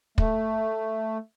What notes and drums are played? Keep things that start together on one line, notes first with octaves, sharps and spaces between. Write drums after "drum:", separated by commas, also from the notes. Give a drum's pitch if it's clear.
A3, drum: kick